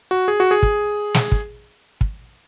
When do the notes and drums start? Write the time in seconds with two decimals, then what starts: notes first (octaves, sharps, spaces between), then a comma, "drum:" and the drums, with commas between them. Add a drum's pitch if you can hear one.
0.11 F#4
0.28 G#4
0.40 F#4
0.51 G#4
0.63 drum: kick
1.14 drum: snare
1.32 drum: kick
2.01 drum: kick